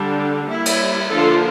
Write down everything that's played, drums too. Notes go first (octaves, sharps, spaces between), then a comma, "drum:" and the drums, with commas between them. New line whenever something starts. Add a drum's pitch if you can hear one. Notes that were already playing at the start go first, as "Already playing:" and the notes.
Already playing: D3 G3 D4
G3 A#3 E4
drum: cymbal
D3 F3 A#3 D4 F4 A4